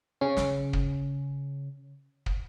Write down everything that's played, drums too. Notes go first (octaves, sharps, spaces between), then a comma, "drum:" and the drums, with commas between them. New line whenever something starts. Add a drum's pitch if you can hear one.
C#3 C#4
drum: snare
drum: kick
drum: kick